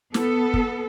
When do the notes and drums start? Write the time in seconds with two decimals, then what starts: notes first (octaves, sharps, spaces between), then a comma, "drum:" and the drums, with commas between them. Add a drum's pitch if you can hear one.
0.14 B3 A4, drum: snare
0.54 drum: kick